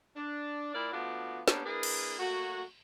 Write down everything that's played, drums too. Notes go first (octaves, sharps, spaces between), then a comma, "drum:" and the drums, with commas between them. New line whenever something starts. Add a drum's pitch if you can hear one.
D4
A#2 A#3 E4 A#4 D5
F3 A3 B3 D4 F4 F#4
G3 A#3 B3 C#4 D4, drum: snare
A#3 D4 E4 G#4 A#4 B4
drum: cymbal
F#3 A3 A#3 F#4